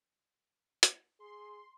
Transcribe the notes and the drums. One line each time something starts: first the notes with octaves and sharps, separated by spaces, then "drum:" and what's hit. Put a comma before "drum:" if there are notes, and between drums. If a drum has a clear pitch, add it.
drum: hi-hat
G#4 C6